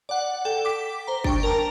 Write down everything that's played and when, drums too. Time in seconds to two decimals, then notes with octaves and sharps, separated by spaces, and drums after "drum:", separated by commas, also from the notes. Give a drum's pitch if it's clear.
0.09 D5 F#5
0.45 A4 G5
0.65 D6 B6
1.07 C5 A#5
1.24 D4 G5 C#6, drum: kick
1.43 A#4 A5 A#5